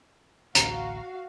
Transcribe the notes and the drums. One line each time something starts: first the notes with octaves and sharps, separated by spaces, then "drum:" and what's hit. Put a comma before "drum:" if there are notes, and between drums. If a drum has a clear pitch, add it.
A1 D2 F#4 F5 A#5, drum: hi-hat